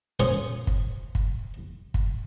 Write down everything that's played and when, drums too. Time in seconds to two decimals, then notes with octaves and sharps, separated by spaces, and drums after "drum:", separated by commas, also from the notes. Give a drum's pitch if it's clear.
0.20 C#4 F4 G#4 C5 C#5
0.67 drum: kick
1.15 drum: kick
1.94 drum: kick